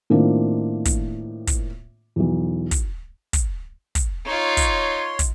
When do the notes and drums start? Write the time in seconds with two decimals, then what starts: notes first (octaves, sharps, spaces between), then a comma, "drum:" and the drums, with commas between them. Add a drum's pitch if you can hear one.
0.10 A2 D#3 A#3 C4 D4 F4
0.85 drum: kick, hi-hat
1.47 drum: kick, hi-hat
2.16 B1 E2
2.71 drum: kick, hi-hat
3.33 drum: kick, hi-hat
3.95 drum: kick, hi-hat
4.26 D#4 F4 C#5 C6
4.57 drum: kick, hi-hat
5.19 drum: kick, hi-hat